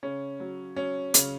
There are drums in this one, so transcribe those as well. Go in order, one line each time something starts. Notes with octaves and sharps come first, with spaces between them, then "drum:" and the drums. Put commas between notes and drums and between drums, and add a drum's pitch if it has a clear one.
C#3 C#4
F#3
F#3 C#4
C#3, drum: hi-hat